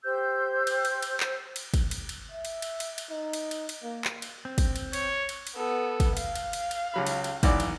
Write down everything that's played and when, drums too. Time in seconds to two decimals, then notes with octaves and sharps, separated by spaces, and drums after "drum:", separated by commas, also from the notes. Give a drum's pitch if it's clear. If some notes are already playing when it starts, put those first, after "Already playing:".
0.04 G4 C5 E6 G6
0.67 drum: cymbal
0.85 drum: cymbal
1.02 drum: cymbal
1.20 drum: clap
1.56 drum: cymbal
1.74 drum: kick, cymbal
1.91 drum: cymbal
2.09 drum: cymbal
2.32 E5
2.45 drum: cymbal
2.62 drum: cymbal
2.80 drum: cymbal
2.98 drum: cymbal
3.10 D#4
3.33 drum: cymbal
3.51 drum: cymbal
3.69 drum: cymbal
3.83 A#3
4.05 drum: clap
4.22 drum: cymbal
4.45 C4
4.58 drum: kick, cymbal
4.76 drum: cymbal
4.93 C#5, drum: cymbal
5.29 drum: cymbal
5.47 drum: cymbal
5.56 B3 A4
6.00 drum: kick, cymbal
6.17 F5, drum: cymbal
6.35 drum: cymbal
6.53 drum: cymbal
6.71 drum: cymbal
6.94 C#2 F#3 B5
7.07 drum: cymbal
7.24 drum: cymbal
7.43 B1 E3 D5, drum: kick, cymbal
7.60 drum: cymbal